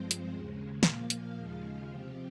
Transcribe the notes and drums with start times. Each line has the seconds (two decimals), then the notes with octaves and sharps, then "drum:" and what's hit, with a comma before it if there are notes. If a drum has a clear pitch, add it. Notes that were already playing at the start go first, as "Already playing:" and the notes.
Already playing: G2 F3 G#3 C4 C5
0.11 drum: hi-hat
0.29 D#2 C#3 G#3
0.83 A#2 F3 A#3 F5, drum: snare
1.10 drum: hi-hat
1.37 D#2 C#3 F3 G#3 F5
1.91 C3 F3 C4 G4